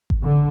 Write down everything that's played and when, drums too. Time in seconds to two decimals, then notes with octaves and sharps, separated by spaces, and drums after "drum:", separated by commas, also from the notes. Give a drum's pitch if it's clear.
0.10 drum: kick G#1
0.24 D3